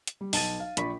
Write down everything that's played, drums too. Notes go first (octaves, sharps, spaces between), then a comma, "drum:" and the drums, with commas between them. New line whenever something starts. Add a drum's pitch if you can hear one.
drum: hi-hat
G3
B1 A5 A6 D#7, drum: open hi-hat
F5
A#1 A#2 D5 B5 C#6 B6, drum: hi-hat